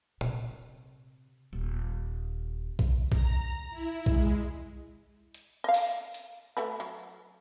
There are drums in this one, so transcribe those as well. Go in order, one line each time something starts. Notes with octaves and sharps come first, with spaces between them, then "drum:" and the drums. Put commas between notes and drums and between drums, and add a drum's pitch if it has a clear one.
C3, drum: tom
D#1
drum: kick B1
A#5, drum: kick B1
E4
G#3, drum: kick B1
drum: hi-hat
D#5 F5
drum: open hi-hat
drum: hi-hat
A3 F#4 B4
F#3